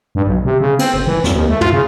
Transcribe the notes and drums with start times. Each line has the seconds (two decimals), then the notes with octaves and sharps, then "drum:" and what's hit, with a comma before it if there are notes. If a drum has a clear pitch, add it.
0.15 G2
0.27 B1
0.45 C3
0.60 C#3
0.79 C4, drum: cymbal
0.94 F#1
1.07 E3
1.24 F2, drum: snare
1.35 D#2
1.49 A3
1.61 F4, drum: tom
1.73 C#3